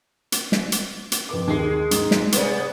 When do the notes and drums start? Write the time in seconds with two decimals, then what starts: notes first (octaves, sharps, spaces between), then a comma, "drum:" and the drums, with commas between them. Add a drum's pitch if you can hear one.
0.32 drum: hi-hat
0.52 drum: snare
0.72 drum: hi-hat
1.12 drum: hi-hat
1.29 F2 B4 D6
1.47 D#2 G#3 C7
1.91 G#2 D#4, drum: hi-hat
2.11 drum: snare
2.32 C3 B3 B4 C5 D5, drum: hi-hat